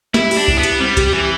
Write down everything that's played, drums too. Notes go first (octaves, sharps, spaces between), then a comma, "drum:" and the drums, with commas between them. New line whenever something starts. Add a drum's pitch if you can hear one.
G3 E4, drum: snare
G4, drum: open hi-hat
D4
E4, drum: kick C2
B3
G4, drum: hi-hat
G3 C4
G4, drum: kick C2, hi-hat
E3 G4